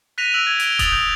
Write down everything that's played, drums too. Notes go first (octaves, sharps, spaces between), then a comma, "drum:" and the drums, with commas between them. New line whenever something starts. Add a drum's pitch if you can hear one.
F#6 A#6 B6 D#7 F7
E6 F#6 D7 F7 F#7
G#6
D7 F7 G7, drum: hi-hat
D#6 A6 F7 F#7, drum: kick D#1, hi-hat
G6